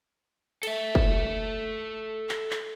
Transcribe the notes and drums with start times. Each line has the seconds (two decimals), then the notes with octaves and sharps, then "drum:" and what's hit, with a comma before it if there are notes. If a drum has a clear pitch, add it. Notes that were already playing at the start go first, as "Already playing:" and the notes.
0.63 A4 E5, drum: cymbal
0.95 drum: kick
2.29 drum: clap
2.51 drum: clap